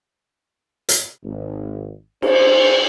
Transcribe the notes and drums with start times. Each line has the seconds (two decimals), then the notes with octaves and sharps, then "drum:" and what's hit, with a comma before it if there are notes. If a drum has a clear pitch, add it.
0.89 drum: hi-hat
1.24 G#1
2.22 C5, drum: cymbal